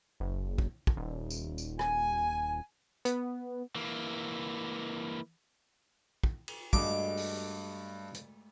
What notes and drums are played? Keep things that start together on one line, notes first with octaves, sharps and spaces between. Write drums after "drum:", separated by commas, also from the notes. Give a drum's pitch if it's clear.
F#1
drum: kick
drum: kick
D#1
drum: tambourine
drum: tambourine
G#5, drum: rim click
B3, drum: hi-hat
E3 A#3
drum: kick
drum: cymbal
G2 G#3 A3 F#4 D6, drum: kick
drum: open hi-hat
drum: hi-hat